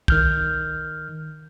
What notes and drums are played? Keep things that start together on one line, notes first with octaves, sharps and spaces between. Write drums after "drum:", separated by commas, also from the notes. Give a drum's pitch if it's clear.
D#3 F6 G6, drum: kick